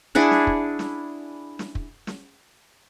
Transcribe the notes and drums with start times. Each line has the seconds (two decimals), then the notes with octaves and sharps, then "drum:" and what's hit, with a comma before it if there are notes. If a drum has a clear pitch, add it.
0.15 D4 E4 G#4 F#5
0.31 drum: snare
0.47 drum: kick
0.79 drum: snare
1.59 drum: snare
1.75 drum: kick
2.07 drum: snare